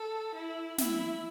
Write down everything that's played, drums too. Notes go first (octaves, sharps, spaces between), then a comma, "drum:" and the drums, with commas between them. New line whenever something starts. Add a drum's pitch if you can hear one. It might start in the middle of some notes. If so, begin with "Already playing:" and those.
Already playing: A4
E4
E4, drum: snare